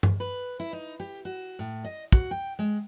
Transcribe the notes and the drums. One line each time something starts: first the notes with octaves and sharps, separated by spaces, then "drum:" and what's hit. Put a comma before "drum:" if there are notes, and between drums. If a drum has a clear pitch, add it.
drum: tom G2
B4
E4
D#4
G4
F#4
A2
D#5
F#4, drum: kick
G5
G#3